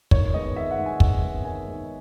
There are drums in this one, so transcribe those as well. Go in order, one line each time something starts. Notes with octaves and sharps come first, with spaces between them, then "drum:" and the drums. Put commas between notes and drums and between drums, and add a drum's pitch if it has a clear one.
D#3 C#5, drum: kick
G#3 B3 D#4 D#5
D#3 E5
F#5
G#3 B3 D#4
G#5
D#3, drum: kick
G#3 B3 D#4
D#3 G#5
G#3 B3 D#4